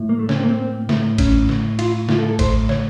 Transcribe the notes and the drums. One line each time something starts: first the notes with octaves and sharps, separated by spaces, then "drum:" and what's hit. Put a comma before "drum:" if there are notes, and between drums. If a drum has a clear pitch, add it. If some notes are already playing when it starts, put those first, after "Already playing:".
Already playing: A2
A#3
A3
C#4, drum: snare
C4
A#3
C4
A2, drum: snare
C#4, drum: kick G#1, cymbal
drum: snare
F4, drum: cymbal
A2 F4, drum: snare
A4
A4
C5, drum: kick G#1, cymbal
C#5, drum: snare